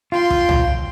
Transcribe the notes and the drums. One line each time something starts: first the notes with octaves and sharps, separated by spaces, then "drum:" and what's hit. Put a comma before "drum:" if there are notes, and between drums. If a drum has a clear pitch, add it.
F4 G5 C6
drum: kick
drum: tom C2